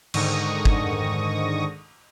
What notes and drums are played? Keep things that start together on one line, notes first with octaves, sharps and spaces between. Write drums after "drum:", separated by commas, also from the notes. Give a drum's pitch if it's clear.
G#2 D3 D#3 C#6 D#6 A#6, drum: cymbal
drum: kick